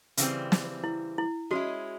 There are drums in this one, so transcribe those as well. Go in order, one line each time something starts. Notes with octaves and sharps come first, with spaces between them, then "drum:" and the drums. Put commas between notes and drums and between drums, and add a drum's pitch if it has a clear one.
C#3 E3 G3 C4, drum: hi-hat
drum: snare
E4
E4
G#3 C#4 E4 F#4